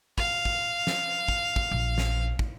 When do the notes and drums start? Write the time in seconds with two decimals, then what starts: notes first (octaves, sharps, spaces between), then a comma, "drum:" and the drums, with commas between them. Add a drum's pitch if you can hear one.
0.18 F5, drum: kick
0.45 drum: kick
0.87 drum: snare
1.28 drum: kick
1.56 drum: kick
1.71 A#1
1.98 drum: snare
2.39 drum: kick